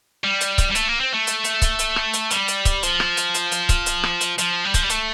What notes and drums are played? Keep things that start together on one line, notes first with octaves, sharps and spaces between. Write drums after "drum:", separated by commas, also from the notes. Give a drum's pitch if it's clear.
G3
drum: hi-hat
drum: kick C#1, hi-hat
G3
A3, drum: hi-hat
A#3
C4
A3
drum: hi-hat
drum: hi-hat
drum: kick C#1, hi-hat
drum: hi-hat
drum: rim click
drum: hi-hat
G3, drum: hi-hat
drum: hi-hat
drum: kick C#1, hi-hat
F3, drum: hi-hat
drum: rim click
drum: hi-hat
drum: hi-hat
drum: hi-hat
drum: kick C#1, hi-hat
drum: hi-hat
drum: rim click
drum: hi-hat
F3, drum: hi-hat
G3
F3, drum: kick C#1, hi-hat
G3
A3, drum: hi-hat